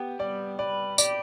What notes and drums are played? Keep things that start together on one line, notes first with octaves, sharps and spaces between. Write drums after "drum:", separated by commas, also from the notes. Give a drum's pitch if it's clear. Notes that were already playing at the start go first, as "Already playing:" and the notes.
Already playing: B3 G4
G3 D5
B4 D5
G4 D5, drum: tambourine